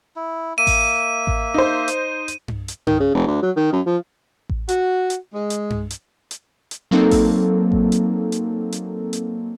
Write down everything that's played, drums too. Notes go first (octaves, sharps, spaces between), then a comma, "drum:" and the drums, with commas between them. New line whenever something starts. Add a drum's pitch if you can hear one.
E4
A#3 E5 D#7
drum: kick A1, open hi-hat
drum: kick A1
D#4 C5
drum: hi-hat
drum: hi-hat
drum: tom G2
drum: hi-hat
D#3, drum: tom G2
C#3
F1
D2
F#3
D#3
F#2
F3
drum: kick A1
F#4, drum: hi-hat
drum: hi-hat
G#3
drum: hi-hat
drum: tom G2
drum: hi-hat
drum: hi-hat
drum: hi-hat
F#3 A#3 C4 D#4 A4
drum: kick A1, open hi-hat
drum: kick A1
drum: hi-hat
drum: hi-hat
drum: hi-hat
drum: hi-hat